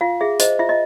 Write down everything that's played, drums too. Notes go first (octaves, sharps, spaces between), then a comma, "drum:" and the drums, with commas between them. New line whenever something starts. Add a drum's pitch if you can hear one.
F4 F5
G#4 E5
C5 D#5, drum: hi-hat
F4 E5
D#5